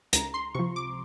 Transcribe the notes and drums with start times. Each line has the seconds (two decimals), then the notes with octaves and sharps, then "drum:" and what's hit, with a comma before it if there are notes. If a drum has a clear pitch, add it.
0.13 C#2 A#5, drum: hi-hat
0.34 C6
0.54 C3 F3 C#6
0.76 D6